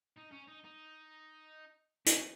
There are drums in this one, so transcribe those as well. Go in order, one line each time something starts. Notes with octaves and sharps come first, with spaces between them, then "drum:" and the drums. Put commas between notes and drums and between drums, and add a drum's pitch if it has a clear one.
D#4
C#4
D#4
D#4
C#4, drum: hi-hat